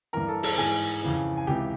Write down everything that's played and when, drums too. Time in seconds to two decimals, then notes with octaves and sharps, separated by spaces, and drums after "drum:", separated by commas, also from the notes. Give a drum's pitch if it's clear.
0.13 G2 E3 A#4 A#5
0.28 A4 A5
0.43 A4 A5, drum: open hi-hat
0.58 G#2 E3 G#4 G#5
1.03 F2 C#3 E3
1.37 G#5
1.47 C#2 C3 E3 G4 G5